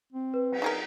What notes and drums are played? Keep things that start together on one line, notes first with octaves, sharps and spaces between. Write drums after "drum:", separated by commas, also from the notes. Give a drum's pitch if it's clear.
C4
B4
drum: cymbal
D#4 G#4 A#4